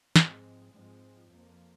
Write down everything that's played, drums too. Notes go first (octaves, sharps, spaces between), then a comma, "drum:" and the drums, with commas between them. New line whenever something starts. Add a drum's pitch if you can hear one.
G#2 F3 G#3 C4, drum: snare
G#2 F3 G#3 C4
F2 F3 A#3